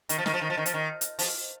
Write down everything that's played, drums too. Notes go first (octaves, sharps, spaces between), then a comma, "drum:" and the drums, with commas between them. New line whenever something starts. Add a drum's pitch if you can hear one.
D#3, drum: hi-hat
F3
D#3, drum: snare
F3
D#3
F3
D#3
F3, drum: hi-hat
D#3
drum: hi-hat
F3, drum: open hi-hat